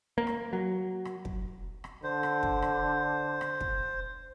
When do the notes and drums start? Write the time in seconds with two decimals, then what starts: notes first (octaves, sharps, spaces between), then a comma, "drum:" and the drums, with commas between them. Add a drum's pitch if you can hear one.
0.18 A#3
0.27 drum: rim click
0.53 F#3
1.05 drum: rim click
1.25 drum: kick
1.84 drum: rim click
2.04 D3 C5
2.23 drum: rim click
2.43 drum: kick
2.62 drum: rim click
3.41 drum: rim click
3.61 drum: kick